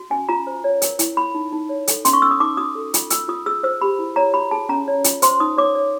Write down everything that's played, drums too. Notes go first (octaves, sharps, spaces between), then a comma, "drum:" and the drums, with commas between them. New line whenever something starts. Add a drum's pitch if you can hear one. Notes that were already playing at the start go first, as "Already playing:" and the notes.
Already playing: F#4
C#4 G#5
F4 A#5
C5
C#5
A#4, drum: hi-hat
E4, drum: hi-hat
E4 B5
D#4
D#4
C#5
A4, drum: hi-hat
C#4 C6, drum: hi-hat
C#6
C#4 E6
D#6
D#4 D6
F#4 D#6
A4
F4, drum: hi-hat
F4 E6, drum: hi-hat
F4 D#6
G#4 E6
C5 E6
G4 B5
E4
C#5 A#5
F#4 B5
G#4 A5
C#4 A#5
C#5
F4, drum: hi-hat
C5 C6, drum: hi-hat
D#4 D#6
C#5 D6
C#5